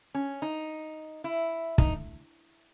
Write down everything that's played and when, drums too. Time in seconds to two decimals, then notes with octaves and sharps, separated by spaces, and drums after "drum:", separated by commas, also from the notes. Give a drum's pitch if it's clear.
0.15 C#4
0.42 D#4
1.24 E4
1.78 D#4, drum: kick